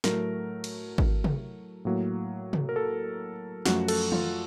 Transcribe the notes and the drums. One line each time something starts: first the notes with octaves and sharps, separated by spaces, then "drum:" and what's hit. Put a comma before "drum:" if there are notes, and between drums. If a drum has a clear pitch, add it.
A2 F#3 A3 A#4, drum: snare
drum: cymbal
drum: kick G#1
drum: tom C3
A2 F#3 A#3
drum: tom C3
A#4
A4
F#2 F3 A3 F#4, drum: snare
A4, drum: cymbal
F4, drum: tom